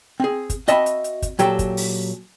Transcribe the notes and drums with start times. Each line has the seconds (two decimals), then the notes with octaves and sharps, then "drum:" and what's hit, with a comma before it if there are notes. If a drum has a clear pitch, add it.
0.20 C4 G#4
0.50 drum: kick, hi-hat
0.68 C4 F#4 D#5 E5 A5 B5, drum: hi-hat
0.86 drum: hi-hat
1.04 drum: hi-hat
1.22 drum: kick, hi-hat
1.39 A#2 F#3 G4 A4, drum: hi-hat
1.59 drum: kick, hi-hat
1.77 drum: open hi-hat